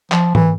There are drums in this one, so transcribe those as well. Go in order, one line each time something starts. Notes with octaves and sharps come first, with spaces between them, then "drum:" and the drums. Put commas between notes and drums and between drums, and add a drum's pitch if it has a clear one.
F3, drum: clap
E3, drum: tom G#2